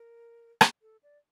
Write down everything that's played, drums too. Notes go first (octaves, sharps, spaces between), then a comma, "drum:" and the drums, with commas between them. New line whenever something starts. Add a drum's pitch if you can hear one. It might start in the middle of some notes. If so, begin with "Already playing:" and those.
Already playing: A#4
drum: rim click
A4
D5